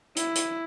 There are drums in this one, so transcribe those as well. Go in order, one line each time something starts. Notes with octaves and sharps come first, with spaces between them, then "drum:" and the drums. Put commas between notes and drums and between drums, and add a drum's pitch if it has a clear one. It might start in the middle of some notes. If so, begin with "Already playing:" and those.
E4, drum: hi-hat
drum: hi-hat